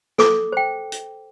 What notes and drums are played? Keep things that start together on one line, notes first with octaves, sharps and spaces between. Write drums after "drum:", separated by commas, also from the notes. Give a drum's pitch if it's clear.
A4 D6, drum: snare
C5 G5
drum: hi-hat